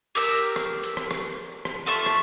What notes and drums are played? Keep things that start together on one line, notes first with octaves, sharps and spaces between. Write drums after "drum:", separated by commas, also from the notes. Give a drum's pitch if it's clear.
G4 A#4 E6
drum: hi-hat
drum: rim click
drum: hi-hat
drum: rim click
drum: rim click
drum: rim click
F4 A4 E5 C#6
drum: rim click